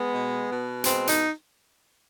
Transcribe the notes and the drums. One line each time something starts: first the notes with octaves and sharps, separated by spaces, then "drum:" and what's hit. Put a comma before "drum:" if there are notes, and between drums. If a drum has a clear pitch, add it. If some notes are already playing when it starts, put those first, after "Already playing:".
Already playing: G#3 B3
B2
B2
G#3 C4, drum: hi-hat
D#4, drum: hi-hat